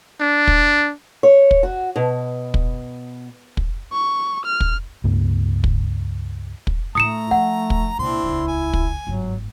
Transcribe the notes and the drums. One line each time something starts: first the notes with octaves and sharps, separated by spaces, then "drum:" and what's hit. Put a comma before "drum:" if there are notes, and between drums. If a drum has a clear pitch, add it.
D4
drum: kick
C#5
drum: kick
F#4
B2
drum: kick
drum: kick
C#6
F6
drum: kick
C#2 G2 A#3
drum: kick
drum: kick
A2 A3 D4 A#5 D#6 C#7 E7
F3 D#4 F#5
drum: kick
C2 A#2 C4 D4 E4 C6
D#1 C#2
G#5
drum: kick
G1 G#2 F#3